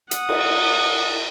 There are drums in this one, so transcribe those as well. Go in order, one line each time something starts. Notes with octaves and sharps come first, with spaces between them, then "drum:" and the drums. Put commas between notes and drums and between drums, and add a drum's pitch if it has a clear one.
F#5 D#6, drum: hi-hat
drum: cymbal